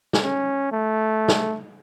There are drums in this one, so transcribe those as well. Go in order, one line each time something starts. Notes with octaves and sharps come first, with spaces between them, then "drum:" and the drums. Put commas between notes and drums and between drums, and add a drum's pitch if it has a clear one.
drum: snare
C#4
A3
drum: snare